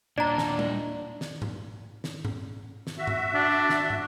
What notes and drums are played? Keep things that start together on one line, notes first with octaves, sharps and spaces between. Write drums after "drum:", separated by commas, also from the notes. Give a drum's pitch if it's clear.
A#2 D4 D#4 D5 A#5
drum: snare
drum: tom G3
drum: snare
drum: tom G#2
drum: snare
drum: tom G#2
drum: snare
F#4 E5
drum: tom G#2
D4
drum: snare
drum: tom